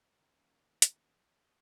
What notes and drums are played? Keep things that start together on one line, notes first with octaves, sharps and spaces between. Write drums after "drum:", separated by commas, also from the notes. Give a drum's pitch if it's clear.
D#3 A#3 C#4 D#4
drum: hi-hat
D#5